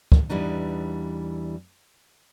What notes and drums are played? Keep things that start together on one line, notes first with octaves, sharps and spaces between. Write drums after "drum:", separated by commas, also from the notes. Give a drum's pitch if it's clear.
drum: kick
E2 C3 E3 G3 D4 D#4